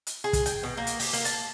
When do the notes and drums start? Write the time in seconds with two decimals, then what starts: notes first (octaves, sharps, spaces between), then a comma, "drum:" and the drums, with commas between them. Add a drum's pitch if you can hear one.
0.07 drum: hi-hat
0.24 G#4
0.33 drum: kick, hi-hat
0.46 G5, drum: hi-hat
0.63 B2
0.77 A#3
0.87 drum: hi-hat
1.00 G4, drum: open hi-hat
1.13 A#3, drum: hi-hat
1.25 A5, drum: hi-hat